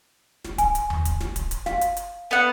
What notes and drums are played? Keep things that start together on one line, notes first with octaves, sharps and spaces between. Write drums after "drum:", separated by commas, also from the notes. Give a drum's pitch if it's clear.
drum: snare
G#5, drum: kick D1, hi-hat
drum: hi-hat
drum: tom D#2
drum: kick D1, hi-hat
drum: snare
drum: kick D1, hi-hat
drum: hi-hat
F5, drum: snare
drum: hi-hat
drum: hi-hat
B3 F#5